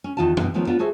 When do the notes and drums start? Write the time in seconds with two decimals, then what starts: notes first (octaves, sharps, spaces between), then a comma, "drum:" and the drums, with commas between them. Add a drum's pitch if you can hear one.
0.04 C#4
0.17 E2 D#3 F4 F#4 A5
0.37 G2 B2 F3 D#4 B4, drum: tom E3
0.54 D#3 F3 A3 B3 C#4
0.67 B3 D4 F4 F#4 B4
0.79 F#4 G#4 A4 C5 E5